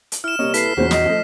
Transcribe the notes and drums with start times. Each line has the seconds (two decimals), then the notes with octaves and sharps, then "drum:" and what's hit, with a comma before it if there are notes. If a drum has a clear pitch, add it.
0.12 drum: hi-hat
0.24 E4 F6 E7
0.39 C3 G3 A#3 C#5 D#5
0.54 E4 A4 B4 B6 C7, drum: hi-hat
0.77 E2 A#2 C#3 F#4 C5
0.91 D#5, drum: snare
1.05 F3 A3